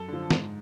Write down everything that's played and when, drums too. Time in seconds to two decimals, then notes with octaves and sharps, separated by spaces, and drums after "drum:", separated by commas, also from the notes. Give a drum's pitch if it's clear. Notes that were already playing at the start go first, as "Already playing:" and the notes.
Already playing: F#2 A4
0.08 D3 F3
0.30 G#2, drum: snare